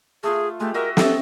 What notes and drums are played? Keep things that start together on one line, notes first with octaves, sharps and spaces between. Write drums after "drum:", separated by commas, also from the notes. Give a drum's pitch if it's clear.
A3 F4 G#4
G#3 A3 G4
F#4 A#4 D#5 E5
C#4 A4 E5 G5, drum: snare